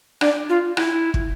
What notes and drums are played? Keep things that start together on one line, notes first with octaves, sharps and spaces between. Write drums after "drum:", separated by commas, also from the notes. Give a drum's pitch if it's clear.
D4, drum: rim click
F4
E4, drum: rim click
drum: kick